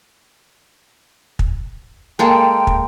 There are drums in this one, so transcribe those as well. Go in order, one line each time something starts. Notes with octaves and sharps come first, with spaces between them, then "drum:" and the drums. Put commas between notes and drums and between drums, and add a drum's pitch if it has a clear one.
drum: kick
G#3 A#3 A4 G5
drum: kick